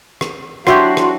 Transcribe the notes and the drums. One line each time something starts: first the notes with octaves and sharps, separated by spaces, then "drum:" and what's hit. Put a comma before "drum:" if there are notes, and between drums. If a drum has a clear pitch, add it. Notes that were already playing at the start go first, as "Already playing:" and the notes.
drum: rim click
F#3 D4 E4 F#4 G4 C6, drum: rim click
drum: rim click